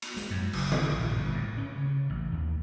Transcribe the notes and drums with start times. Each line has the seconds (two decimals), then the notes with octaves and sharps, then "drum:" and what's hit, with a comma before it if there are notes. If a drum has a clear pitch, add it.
0.02 drum: cymbal
0.17 G#3, drum: hi-hat
0.30 F#2
0.53 F#1, drum: cymbal
0.72 B2, drum: tom D3
0.92 A#1
1.15 G1
1.34 A2
1.58 C#4
1.76 C#3
2.10 A1
2.32 D#2